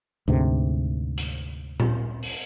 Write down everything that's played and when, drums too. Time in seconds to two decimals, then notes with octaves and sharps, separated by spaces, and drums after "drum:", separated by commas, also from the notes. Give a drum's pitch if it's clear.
0.28 D2 G#2 C3
1.18 drum: hi-hat
1.80 drum: tom A#2
2.23 drum: open hi-hat